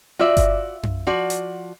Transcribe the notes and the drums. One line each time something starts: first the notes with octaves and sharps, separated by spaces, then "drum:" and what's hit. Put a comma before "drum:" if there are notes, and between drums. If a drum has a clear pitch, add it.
F4 F#4 D5 E5
drum: kick G1, hi-hat
drum: tom F#2
F3 F#4 D5
drum: hi-hat